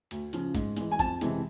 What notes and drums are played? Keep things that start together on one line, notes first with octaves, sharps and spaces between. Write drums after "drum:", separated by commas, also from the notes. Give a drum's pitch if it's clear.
D2, drum: hi-hat
C#3 F3, drum: hi-hat
G#2, drum: kick A1, hi-hat
E3 G#3, drum: hi-hat
G#5
F2 A5, drum: kick A1, hi-hat
C3 E3 G#3, drum: hi-hat